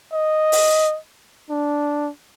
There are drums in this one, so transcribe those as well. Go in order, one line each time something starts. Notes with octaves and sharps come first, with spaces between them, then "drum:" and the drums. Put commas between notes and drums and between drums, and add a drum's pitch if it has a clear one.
D#5
drum: open hi-hat
D4